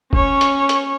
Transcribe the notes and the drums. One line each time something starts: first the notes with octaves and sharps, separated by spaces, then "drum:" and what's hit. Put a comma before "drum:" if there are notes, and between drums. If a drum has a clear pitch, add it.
C#4 C#5, drum: kick
drum: hi-hat
drum: hi-hat